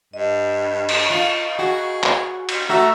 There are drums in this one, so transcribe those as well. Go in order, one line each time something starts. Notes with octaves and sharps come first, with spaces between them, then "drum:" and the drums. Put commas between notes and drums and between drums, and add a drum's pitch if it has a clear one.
G2 D#5
drum: cymbal
F4
F#4 G#4
drum: clap
drum: cymbal
A3 F#4 E5 A#5